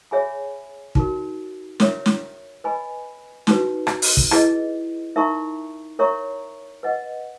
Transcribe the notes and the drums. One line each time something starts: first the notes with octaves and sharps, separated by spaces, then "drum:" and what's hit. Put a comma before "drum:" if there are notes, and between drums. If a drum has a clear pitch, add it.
G#4 C#5 E5 G#5 B5
D#4 F#4 A#4, drum: kick
A#4 C#5 E5, drum: snare
drum: snare
B4 D#5 G#5 B5
D#4 F#4 B4, drum: snare
drum: rim click
drum: open hi-hat
drum: kick
E4 G#4 B4 D#5, drum: rim click
D#4 A#4 E5 A#5 C#6
A#4 C#5 E5 A#5 C#6
B4 D#5 F#5